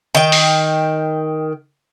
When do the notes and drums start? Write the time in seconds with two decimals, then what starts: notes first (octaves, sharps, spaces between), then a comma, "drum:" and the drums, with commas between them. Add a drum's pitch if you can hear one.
0.15 D#3 G5
0.32 drum: open hi-hat